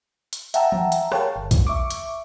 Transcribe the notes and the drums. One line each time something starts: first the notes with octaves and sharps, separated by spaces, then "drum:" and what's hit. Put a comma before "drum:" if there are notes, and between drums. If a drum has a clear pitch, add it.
drum: hi-hat
E5 F#5 G5 A5 A#5 E6, drum: hi-hat
drum: tom E3
drum: hi-hat
G#4 A#4 C#5 F5 G5 A5, drum: rim click
G1
drum: kick, hi-hat
E5 C#6 D6
drum: hi-hat